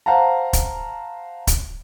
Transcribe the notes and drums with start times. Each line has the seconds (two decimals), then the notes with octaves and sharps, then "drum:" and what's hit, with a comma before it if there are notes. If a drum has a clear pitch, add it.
0.06 C5 F5 F#5 A5 A#5
0.53 drum: kick, hi-hat
1.47 drum: kick, hi-hat